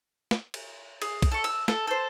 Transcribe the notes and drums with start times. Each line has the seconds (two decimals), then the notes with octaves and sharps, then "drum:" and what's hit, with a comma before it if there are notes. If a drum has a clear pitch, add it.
0.31 drum: snare
0.54 drum: cymbal
1.02 G#4, drum: cymbal
1.22 drum: kick B1, cymbal
1.32 A4 C#6
1.44 E6, drum: cymbal
1.68 A4, drum: snare
1.87 A4 C5